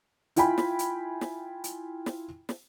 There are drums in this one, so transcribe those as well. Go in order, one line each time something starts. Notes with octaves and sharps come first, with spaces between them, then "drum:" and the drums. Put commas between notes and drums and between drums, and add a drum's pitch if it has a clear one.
E4 F4 G5 G#5 B5, drum: hi-hat
drum: snare
drum: hi-hat
drum: snare
drum: hi-hat
drum: snare
drum: snare